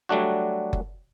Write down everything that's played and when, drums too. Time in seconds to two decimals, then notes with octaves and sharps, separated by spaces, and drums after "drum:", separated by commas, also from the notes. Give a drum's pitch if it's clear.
0.09 F#3 G3 A3 D4 F#4
0.73 drum: kick F#1